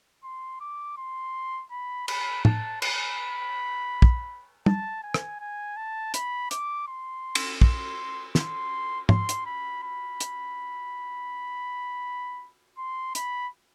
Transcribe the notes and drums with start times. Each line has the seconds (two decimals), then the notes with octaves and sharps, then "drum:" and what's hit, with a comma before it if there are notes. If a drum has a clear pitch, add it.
0.24 C6
0.60 D6
0.98 C6
1.71 B5
2.08 B5, drum: cymbal
2.45 A5, drum: tom
2.82 B5, drum: cymbal
4.02 drum: kick
4.66 A5, drum: tom
5.03 G#5
5.14 drum: rim click
5.40 G#5
5.77 A5
6.14 B5, drum: hi-hat
6.51 D6, drum: hi-hat
6.88 C6
7.35 drum: cymbal
7.61 C6, drum: kick
8.35 C6, drum: snare
9.09 C6, drum: tom G#2
9.29 drum: hi-hat
9.46 B5
9.83 B5
10.20 drum: hi-hat
12.78 C6
13.15 B5, drum: hi-hat